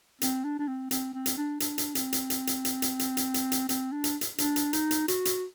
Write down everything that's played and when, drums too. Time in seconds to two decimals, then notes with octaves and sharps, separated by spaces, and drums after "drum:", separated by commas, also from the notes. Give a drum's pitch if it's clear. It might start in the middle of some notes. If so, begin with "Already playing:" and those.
0.21 C4, drum: hi-hat
0.44 D4
0.59 D4
0.68 C4
0.91 C4, drum: hi-hat
1.14 C4
1.26 drum: hi-hat
1.37 D4
1.60 D4, drum: hi-hat
1.78 drum: hi-hat
1.95 C4, drum: hi-hat
2.13 drum: hi-hat
2.30 drum: hi-hat
2.47 drum: hi-hat
2.65 drum: hi-hat
2.82 drum: hi-hat
2.99 drum: hi-hat
3.17 drum: hi-hat
3.34 drum: hi-hat
3.52 drum: hi-hat
3.69 C4, drum: hi-hat
3.92 D4
4.04 drum: hi-hat
4.21 drum: hi-hat
4.38 D4, drum: hi-hat
4.56 drum: hi-hat
4.73 D#4, drum: hi-hat
4.91 drum: hi-hat
5.08 F#4, drum: hi-hat
5.25 drum: hi-hat